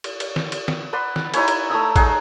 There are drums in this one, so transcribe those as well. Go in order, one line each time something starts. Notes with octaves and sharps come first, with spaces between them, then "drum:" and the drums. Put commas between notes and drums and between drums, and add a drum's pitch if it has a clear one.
drum: cymbal
drum: cymbal
drum: snare
drum: cymbal
drum: snare
B4 D5 F#5 C6
drum: snare
D#4 E4 C#5 G#5, drum: cymbal
drum: cymbal
A3 A#5 D#6 E6
D#4 G#4 F#5, drum: kick A1, cymbal